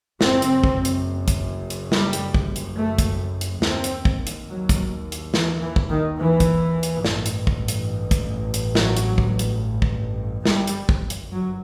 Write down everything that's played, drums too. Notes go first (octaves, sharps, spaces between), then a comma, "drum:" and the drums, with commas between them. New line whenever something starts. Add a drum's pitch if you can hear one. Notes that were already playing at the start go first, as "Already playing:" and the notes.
F#1 F#2 C4, drum: snare
drum: hi-hat
drum: kick
drum: hi-hat
drum: kick, hi-hat
drum: hi-hat
G3, drum: snare
drum: hi-hat
drum: kick
drum: hi-hat
A3
drum: kick, hi-hat
drum: hi-hat
D#2 C4, drum: snare
drum: hi-hat
drum: kick
drum: hi-hat
F#3
drum: kick, hi-hat
drum: hi-hat
E3, drum: snare
E3
drum: kick
D#3
E3
drum: kick, hi-hat
drum: hi-hat
A1 G2, drum: snare
drum: hi-hat
drum: kick
drum: hi-hat
drum: kick, hi-hat
drum: hi-hat
F#3, drum: snare
drum: hi-hat
drum: kick
drum: hi-hat
drum: kick
G1 F#2 G3, drum: snare
drum: hi-hat
drum: kick
drum: hi-hat
F#3